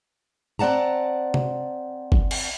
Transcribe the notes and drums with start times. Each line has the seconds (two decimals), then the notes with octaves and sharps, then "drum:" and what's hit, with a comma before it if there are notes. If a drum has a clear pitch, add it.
0.59 C4 D5 F#5 A5 A#5
1.34 drum: tom C3
2.12 drum: kick
2.31 drum: cymbal